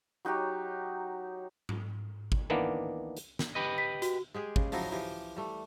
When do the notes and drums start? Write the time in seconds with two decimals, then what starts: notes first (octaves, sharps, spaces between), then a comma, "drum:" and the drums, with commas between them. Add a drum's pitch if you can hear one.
0.25 F#3 D#4 F#4 G4
1.69 drum: tom G#2
2.32 drum: kick
2.50 D#3 E3 A#3 B3 D4
3.17 drum: hi-hat
3.39 drum: snare
3.55 G4 B4 D#5
3.78 B6
4.02 F#4, drum: hi-hat
4.34 G#3 G4 G#4
4.56 C#3, drum: kick
4.72 F3 F#3 D#4 E4, drum: open hi-hat
4.92 E3 F3 G4
5.37 G3 A3